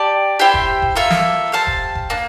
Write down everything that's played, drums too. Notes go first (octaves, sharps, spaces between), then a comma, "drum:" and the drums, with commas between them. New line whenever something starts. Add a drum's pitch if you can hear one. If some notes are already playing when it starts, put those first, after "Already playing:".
Already playing: G4 D5 A5
E4 G4 C5 G5
drum: kick F1
drum: kick F1
A#3 F4 A4 E5
drum: snare
G4 C5 F5 A5
drum: kick F1
drum: kick F1
A#3 D4